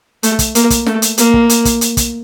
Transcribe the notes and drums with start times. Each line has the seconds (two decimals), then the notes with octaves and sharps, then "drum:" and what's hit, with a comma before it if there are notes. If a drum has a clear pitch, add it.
0.23 A3, drum: hi-hat
0.39 drum: kick, hi-hat
0.55 A#3, drum: hi-hat
0.70 drum: kick, hi-hat
0.86 A3, drum: snare
1.02 drum: hi-hat
1.18 A#3, drum: hi-hat
1.34 drum: kick
1.49 drum: hi-hat
1.65 drum: kick, hi-hat
1.81 drum: hi-hat
1.97 drum: kick, hi-hat